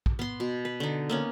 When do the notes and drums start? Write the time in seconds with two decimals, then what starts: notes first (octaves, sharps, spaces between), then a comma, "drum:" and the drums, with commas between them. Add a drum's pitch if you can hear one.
0.06 drum: kick
0.19 B3 C6
0.40 B2
0.65 B4
0.80 D3 D#4
1.10 A#3 B3 C#4